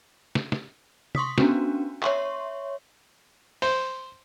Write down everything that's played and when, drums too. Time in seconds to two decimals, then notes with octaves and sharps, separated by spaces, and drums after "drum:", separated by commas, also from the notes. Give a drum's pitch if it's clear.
0.35 drum: snare
0.52 drum: snare
1.15 C6 C#6 D#6 B6, drum: tom
1.38 B3 C#4 D4 F#4, drum: snare
2.03 C#5 E5 C6 C#6, drum: clap
3.62 C5, drum: open hi-hat